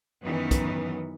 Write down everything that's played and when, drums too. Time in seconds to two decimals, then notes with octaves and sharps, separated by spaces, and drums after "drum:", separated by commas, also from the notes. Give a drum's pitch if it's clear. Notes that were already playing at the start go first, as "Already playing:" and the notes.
0.22 F#2 D#3 E3 B3
0.51 drum: kick, hi-hat